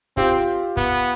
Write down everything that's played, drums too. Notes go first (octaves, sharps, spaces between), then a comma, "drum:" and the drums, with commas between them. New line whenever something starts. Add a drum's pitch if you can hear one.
C4 F4 G4, drum: kick, hi-hat
B3, drum: kick, hi-hat